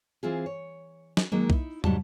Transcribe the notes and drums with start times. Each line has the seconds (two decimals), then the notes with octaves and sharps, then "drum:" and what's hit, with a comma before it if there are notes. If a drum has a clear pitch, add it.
0.23 E3 C4 F4 G#4
0.46 C#5
1.17 drum: snare
1.32 D#3 F#3 G#3 A#3
1.50 D#4 E4, drum: kick B1
1.84 G#2 F#3 G3 A5, drum: tom